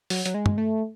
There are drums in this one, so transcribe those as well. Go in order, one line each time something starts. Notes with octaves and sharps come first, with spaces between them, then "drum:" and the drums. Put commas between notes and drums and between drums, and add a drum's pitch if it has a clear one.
F#3, drum: open hi-hat
F#3, drum: hi-hat
G#3
drum: tom
A3